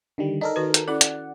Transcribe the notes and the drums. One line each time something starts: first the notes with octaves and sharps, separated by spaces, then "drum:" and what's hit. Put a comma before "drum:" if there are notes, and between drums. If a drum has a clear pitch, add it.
D3 D#3 G3
D#4 A4 A#4 D5
D#3 F#4 B4
drum: hi-hat
C#4 E4 A4 D5 F#5
drum: hi-hat